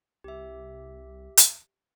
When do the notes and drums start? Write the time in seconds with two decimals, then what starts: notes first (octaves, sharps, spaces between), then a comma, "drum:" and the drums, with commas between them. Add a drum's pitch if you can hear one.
0.24 C2 G4 E5
1.37 drum: hi-hat